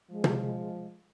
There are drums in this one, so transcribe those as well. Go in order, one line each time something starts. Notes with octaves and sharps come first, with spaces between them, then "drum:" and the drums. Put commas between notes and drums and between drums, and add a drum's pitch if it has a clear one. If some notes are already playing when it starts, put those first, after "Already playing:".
F3 G#3
drum: tom